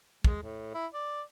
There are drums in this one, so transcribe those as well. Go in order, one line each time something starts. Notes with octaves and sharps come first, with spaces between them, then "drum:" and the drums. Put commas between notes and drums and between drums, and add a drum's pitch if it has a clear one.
G#3, drum: kick
A2
E4
D5